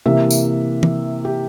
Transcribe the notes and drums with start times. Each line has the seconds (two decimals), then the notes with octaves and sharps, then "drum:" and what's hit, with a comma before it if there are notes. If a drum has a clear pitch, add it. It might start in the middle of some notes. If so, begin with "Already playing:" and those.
0.06 C3 E3 A#3 E5
0.31 drum: tambourine
0.83 drum: tom
1.25 G4